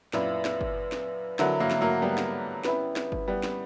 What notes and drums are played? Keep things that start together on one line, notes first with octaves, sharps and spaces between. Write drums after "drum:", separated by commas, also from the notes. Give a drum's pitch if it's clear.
F#2 A#2 E4 B4 D5, drum: snare
drum: snare
drum: kick G1
drum: snare
D3 F#3 E4 A#4 E5, drum: snare
F#3 A#3
drum: snare
F#3 A#3
G3 B3
drum: snare
C#4 E4 B4, drum: snare
drum: snare
drum: kick G1
G3 B3
drum: snare